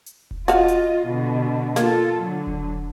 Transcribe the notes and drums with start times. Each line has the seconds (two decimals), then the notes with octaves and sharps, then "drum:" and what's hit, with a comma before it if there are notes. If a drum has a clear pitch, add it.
0.06 drum: hi-hat
0.31 drum: kick E1
0.48 F4 F#4 D#5 F5, drum: hi-hat
0.68 drum: hi-hat
1.06 B2 D3
1.76 A#3 F4 A4, drum: snare
2.22 D3 F#3
2.47 drum: kick E1